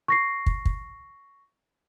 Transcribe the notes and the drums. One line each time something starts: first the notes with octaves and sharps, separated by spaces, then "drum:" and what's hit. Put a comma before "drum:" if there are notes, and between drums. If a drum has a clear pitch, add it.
C#6 A#6 C7
drum: kick
drum: kick